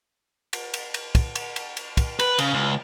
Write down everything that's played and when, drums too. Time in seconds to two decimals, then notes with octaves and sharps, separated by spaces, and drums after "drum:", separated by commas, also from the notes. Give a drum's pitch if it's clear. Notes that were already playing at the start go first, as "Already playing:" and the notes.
0.53 drum: cymbal
0.74 drum: cymbal
0.94 drum: cymbal
1.15 drum: kick, cymbal
1.35 drum: cymbal
1.56 drum: cymbal
1.77 drum: cymbal
1.97 drum: kick, cymbal
2.19 B4, drum: cymbal
2.39 C#3, drum: cymbal
2.54 C#2